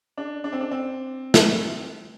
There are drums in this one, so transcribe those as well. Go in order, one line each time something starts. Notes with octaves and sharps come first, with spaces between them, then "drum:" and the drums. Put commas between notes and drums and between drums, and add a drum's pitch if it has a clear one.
D4
D4
C4
D4
C4
drum: snare